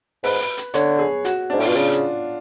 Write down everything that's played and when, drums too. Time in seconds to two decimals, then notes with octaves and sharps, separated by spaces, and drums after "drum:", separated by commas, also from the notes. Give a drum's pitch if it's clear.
0.24 G#2 B4, drum: open hi-hat
0.41 drum: hi-hat
0.57 drum: hi-hat
0.74 D3 C#5, drum: hi-hat
0.99 G#4
1.25 F#4, drum: hi-hat
1.50 D4
1.52 G#2
1.60 A2, drum: open hi-hat
1.65 B2 F4
1.75 C#3 D4, drum: hi-hat
1.92 drum: hi-hat